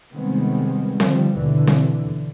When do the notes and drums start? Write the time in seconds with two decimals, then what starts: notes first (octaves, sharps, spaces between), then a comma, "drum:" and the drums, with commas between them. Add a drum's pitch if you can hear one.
0.12 C3 D#3 G3 G#3 B3 C4
1.00 D3 D#3 F3 G3, drum: snare C4
1.35 D#2 B2 D3 E3
1.68 drum: snare C4